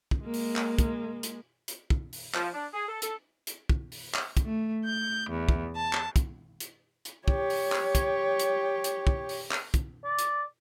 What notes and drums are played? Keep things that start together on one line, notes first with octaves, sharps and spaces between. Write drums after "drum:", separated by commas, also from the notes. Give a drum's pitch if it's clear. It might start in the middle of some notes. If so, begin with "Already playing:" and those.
drum: kick
G#3 A#3
drum: open hi-hat
drum: clap
drum: kick, hi-hat
drum: hi-hat
drum: hi-hat
drum: kick
drum: open hi-hat
F3, drum: clap
D4
G#4
A4
A4, drum: hi-hat
drum: hi-hat
drum: kick
drum: open hi-hat
drum: clap
drum: kick, hi-hat
A3
G6
E2
drum: kick
A5
drum: clap
drum: kick, hi-hat
drum: hi-hat
drum: hi-hat
G4 C#5, drum: kick
drum: open hi-hat
drum: clap
drum: kick, hi-hat
drum: hi-hat
drum: hi-hat
drum: kick
drum: open hi-hat
drum: clap
drum: kick, hi-hat
D5
drum: hi-hat